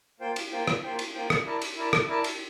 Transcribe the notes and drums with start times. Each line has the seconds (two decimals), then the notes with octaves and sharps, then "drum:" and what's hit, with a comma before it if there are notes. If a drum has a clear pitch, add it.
0.20 A#3 F4 C5 G5
0.36 drum: cymbal
0.52 A#3 F4 C5 G5
0.68 drum: rim click
0.83 A#3 F4 C5 G5
0.99 drum: cymbal
1.14 A#3 F4 C5 G5
1.30 drum: rim click
1.46 E4 A#4 D5 A5
1.62 drum: cymbal
1.77 E4 A#4 D5 A5
1.93 drum: rim click
2.08 E4 A#4 D5 A5
2.24 drum: cymbal